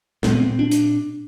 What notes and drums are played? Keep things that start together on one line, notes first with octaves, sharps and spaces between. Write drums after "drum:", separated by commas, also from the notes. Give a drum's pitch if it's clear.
A#2 C4, drum: snare
B3
C4
D4
drum: hi-hat